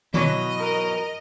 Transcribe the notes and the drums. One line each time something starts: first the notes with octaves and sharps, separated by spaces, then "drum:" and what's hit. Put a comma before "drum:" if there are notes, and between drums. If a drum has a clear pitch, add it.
B2 E3 F#3 D#5, drum: tom D3
A#4